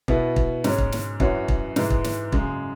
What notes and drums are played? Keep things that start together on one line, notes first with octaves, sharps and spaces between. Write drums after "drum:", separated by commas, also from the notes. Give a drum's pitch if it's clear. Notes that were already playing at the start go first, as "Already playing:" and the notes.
B2 B3 E4, drum: kick
drum: kick
G#2 G#3 C#4, drum: snare
drum: kick
drum: snare
F#2 E3 C#4 F#4, drum: kick
drum: kick
G#2 E3 G#3, drum: snare
drum: kick
drum: snare
F#2 C#3 G#3, drum: kick